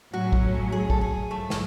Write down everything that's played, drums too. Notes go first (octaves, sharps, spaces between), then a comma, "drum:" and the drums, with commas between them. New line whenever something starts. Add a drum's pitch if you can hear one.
A2 F#3 C#4 F#4
drum: kick
G#4
A4, drum: kick
G#4
G#1 F#2 F3 A3
drum: snare